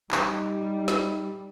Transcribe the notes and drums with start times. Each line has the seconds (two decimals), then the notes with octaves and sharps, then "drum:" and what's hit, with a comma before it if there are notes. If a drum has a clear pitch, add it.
0.11 G3 D#4, drum: clap
0.88 drum: snare